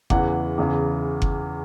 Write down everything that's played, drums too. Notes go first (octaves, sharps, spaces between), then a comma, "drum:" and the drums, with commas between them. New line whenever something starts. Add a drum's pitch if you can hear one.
E2 C#3 E3 F#5, drum: kick F#1
E2 C#3 E3
drum: kick F#1